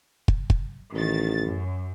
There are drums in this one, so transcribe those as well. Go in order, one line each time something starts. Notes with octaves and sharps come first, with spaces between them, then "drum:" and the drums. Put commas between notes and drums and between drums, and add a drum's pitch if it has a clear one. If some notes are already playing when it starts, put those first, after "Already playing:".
drum: kick
drum: kick
A1 D#3 A6
F#2